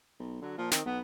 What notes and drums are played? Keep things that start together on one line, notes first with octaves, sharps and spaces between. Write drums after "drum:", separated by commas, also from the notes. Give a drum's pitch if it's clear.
B1
D3 F#3
A#2 F3
D#3 C4, drum: snare
B1 B3